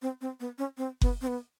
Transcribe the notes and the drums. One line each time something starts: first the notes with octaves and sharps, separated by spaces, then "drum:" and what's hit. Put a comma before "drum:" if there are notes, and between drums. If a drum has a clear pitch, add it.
C4
C4
B3
C#4
C4
B3, drum: kick F#1
C4
B3